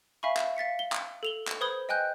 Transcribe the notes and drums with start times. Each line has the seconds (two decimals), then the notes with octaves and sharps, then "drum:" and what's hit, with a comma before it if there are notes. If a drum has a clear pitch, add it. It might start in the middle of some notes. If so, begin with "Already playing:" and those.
0.23 E5 F5 G#5 B5 C#6
0.37 drum: clap
0.57 F5 A6 B6 C#7
0.79 G7
0.92 drum: clap
1.23 A4 F7 G7
1.47 drum: clap
1.61 B4 C5 B5 D#6 G#6 G7
1.89 D#5 G5 G#5 F#6 G6